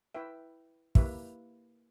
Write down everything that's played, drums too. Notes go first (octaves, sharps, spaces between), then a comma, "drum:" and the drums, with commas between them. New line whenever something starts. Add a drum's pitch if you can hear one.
E4 B4 E5 G5
A#3 E4 G4 B4 E5, drum: kick